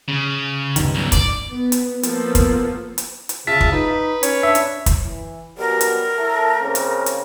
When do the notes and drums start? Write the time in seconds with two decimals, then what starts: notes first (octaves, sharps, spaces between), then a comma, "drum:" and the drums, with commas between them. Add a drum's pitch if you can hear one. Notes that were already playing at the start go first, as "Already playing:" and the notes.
0.08 C#3
0.76 C#2 G2 D#3, drum: hi-hat
0.95 B1
1.12 D5, drum: kick, hi-hat
1.51 B3
1.72 drum: hi-hat
2.03 F3 A#3 B3 A4, drum: hi-hat
2.35 drum: kick, hi-hat
2.98 drum: hi-hat
3.29 drum: hi-hat
3.47 C#3 F4 E5 A5 B6
3.61 drum: kick
3.72 D#4 B4
4.23 C#4 C#5, drum: hi-hat
4.43 D4 E5
4.55 drum: hi-hat
4.86 drum: kick, hi-hat
5.03 E3
5.58 B2 F#3 G3 A#4
5.81 drum: hi-hat
6.17 A2 A3 A4
6.60 C#3 A#3 C4
6.75 drum: hi-hat
7.06 drum: hi-hat